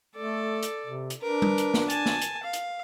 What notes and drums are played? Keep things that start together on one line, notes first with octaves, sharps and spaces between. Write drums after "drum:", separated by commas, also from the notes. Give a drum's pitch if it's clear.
A3 A4 D5
drum: hi-hat
C3
drum: hi-hat
D4 A#4 B4
drum: tom G3
drum: hi-hat
drum: snare
G#5 A5, drum: hi-hat
drum: snare
drum: hi-hat
F5
drum: hi-hat